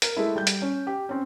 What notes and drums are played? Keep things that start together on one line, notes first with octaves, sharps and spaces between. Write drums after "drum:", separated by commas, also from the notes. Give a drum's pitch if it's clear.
A#4, drum: hi-hat
G#3 A3 E4
G3 G6
drum: hi-hat
C#4
G4
C4 C#4